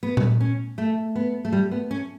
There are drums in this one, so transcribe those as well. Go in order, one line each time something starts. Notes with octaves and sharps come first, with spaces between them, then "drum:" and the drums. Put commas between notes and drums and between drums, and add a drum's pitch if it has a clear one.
B3
drum: tom A#2
C#4
A3
B3
A3
G3
B3
C#4